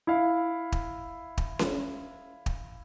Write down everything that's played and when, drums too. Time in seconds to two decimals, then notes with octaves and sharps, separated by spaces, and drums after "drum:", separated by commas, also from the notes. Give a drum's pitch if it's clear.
0.07 E4 F5
0.72 drum: kick
1.38 drum: kick
1.59 drum: snare C#4
2.46 drum: kick